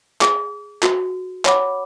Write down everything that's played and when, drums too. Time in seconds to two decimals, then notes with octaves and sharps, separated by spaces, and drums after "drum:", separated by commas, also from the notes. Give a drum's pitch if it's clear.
0.21 G#4, drum: clap
0.83 F#4, drum: clap
1.45 C#5 F#5 B5 D6, drum: clap